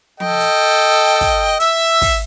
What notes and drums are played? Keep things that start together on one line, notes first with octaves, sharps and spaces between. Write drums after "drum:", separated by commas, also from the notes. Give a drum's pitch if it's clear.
A4 D#5 G5, drum: tom F3
drum: hi-hat
drum: kick, hi-hat
E5 E6, drum: hi-hat
drum: kick, open hi-hat